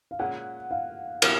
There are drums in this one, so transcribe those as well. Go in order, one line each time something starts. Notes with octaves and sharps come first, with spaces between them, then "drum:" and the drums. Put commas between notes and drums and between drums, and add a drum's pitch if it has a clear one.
F5
A#2 G#3 C#4 F#5
F5
B2 F#3 B3, drum: cymbal